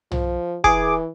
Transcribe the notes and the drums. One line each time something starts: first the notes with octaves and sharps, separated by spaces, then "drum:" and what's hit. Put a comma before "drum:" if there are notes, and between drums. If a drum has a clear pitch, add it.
F3, drum: tom
E3 G#4 D6, drum: kick